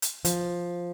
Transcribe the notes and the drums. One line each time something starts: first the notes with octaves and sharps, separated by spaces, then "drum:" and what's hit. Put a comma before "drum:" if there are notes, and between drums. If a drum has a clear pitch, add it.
drum: hi-hat
F3, drum: hi-hat